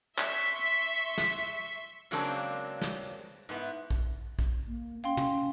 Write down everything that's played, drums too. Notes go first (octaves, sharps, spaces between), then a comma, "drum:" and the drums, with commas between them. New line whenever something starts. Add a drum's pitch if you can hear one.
E5 C6 C#6 B6, drum: clap
drum: hi-hat
drum: snare
C#3 F#3 G#3 A#3 C4 D4, drum: cymbal
drum: snare
G#2 B3 E4
drum: kick
drum: kick
A#3
C#4 F5 G5 C6
C#4, drum: tom